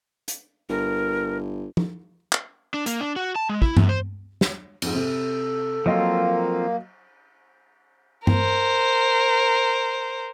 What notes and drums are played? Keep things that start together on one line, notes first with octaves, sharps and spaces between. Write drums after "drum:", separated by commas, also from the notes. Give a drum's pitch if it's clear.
drum: hi-hat
G1 A#4
drum: tom F3
drum: clap
D4
A#3, drum: hi-hat
D4
F#4
A5
G#3
E4, drum: kick
F#2, drum: tom G2
C5
drum: snare
F2 G#2, drum: cymbal
C3 A4
F3 F#3 A#3 C4 F4 D#5
A#4 C5, drum: tom G2